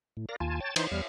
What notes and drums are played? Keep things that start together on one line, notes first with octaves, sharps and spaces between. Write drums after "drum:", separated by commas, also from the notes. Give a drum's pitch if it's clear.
A2
A#4 D5 F5 A#6
D#2 F4 G#5 A5
C#5 G5 A5 A6
E3 D#4 C5 C6, drum: cymbal
E2 G3 F6